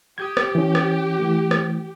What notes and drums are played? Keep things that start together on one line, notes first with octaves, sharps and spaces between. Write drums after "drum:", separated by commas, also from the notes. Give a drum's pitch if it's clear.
G4 D#6 G6 G#6
drum: rim click
E3 C#4
drum: rim click
E3 A3
drum: rim click